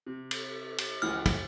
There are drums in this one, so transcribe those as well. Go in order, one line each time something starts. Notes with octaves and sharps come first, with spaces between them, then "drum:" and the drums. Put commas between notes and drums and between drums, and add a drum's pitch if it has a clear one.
C3
drum: cymbal
drum: cymbal
C#2 E3 F#4 F6
drum: kick, cymbal